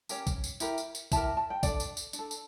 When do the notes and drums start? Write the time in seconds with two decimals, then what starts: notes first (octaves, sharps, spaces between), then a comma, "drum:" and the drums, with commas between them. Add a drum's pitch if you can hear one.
0.09 C#4 G4 A#4, drum: tambourine
0.27 drum: kick, tambourine
0.44 drum: tambourine
0.60 E4 G4 A#4, drum: tambourine
0.78 drum: tambourine
0.95 drum: tambourine
1.12 E4 G4 A#4 A5, drum: kick, tambourine
1.37 A5
1.50 G5
1.63 D4 A4 D5, drum: kick, tambourine
1.80 drum: tambourine
1.97 drum: tambourine
2.13 D4, drum: tambourine
2.19 A4
2.31 drum: tambourine